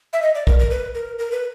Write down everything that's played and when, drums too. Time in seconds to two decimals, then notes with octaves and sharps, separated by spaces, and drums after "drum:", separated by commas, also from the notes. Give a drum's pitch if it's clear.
0.13 E5
0.22 D#5
0.35 D5
0.47 A#4, drum: kick B1
0.59 A#4
0.71 B4
0.95 A#4
1.19 A#4
1.32 B4